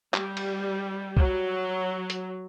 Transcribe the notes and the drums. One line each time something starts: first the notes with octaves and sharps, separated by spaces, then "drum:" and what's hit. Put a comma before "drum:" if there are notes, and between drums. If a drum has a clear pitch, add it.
G3, drum: clap
drum: cymbal
F#3, drum: kick
drum: hi-hat